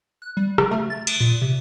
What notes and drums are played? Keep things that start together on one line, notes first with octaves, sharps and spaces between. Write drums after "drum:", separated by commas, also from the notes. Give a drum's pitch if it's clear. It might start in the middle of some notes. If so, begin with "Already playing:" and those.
F#6
G3
C#3, drum: rim click
A3
A6
D7, drum: cymbal
A#2
C3